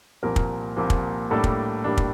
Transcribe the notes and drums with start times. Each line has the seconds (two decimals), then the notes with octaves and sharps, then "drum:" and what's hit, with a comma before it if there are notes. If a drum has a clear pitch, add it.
0.23 C2 A#2 F3 A#3 A#4
0.36 drum: kick
0.76 C2 A#2 F3 A#3
0.90 drum: kick
1.30 A2 G3 A#3 D4 A4
1.44 drum: kick
1.84 A2 G3 A#3 D4
1.97 drum: kick